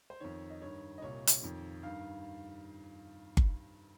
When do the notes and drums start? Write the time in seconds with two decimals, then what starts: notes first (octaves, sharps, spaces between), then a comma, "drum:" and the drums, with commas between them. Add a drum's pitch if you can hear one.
0.10 C5
0.20 F2 D#3 C#5
0.50 D#5
0.62 G2 D#3 C#5
0.98 D#5
1.02 C2 A#2 C#5
1.27 drum: hi-hat
1.43 F2 D#3
1.83 G2 D#3 F5
3.37 drum: kick G1